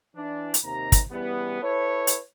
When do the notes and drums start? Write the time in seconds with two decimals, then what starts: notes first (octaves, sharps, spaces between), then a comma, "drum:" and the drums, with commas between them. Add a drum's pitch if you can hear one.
0.16 E3 D4
0.54 drum: hi-hat
0.64 D#2 C3 A#5
0.92 drum: kick, hi-hat
1.11 C#3 E3 G3 B3
1.62 E4 A4 B4 C#5
2.07 drum: hi-hat